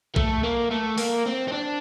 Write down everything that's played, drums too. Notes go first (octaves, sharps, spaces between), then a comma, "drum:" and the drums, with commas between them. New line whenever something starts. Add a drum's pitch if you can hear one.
A3, drum: kick A#1
A#3
A3
A#3, drum: open hi-hat
C4
C4
D4